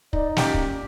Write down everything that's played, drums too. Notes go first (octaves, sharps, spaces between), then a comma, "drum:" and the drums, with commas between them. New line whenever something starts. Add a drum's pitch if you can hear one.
D#4 D5, drum: kick
A#2 C#4 G4 D5, drum: snare
drum: kick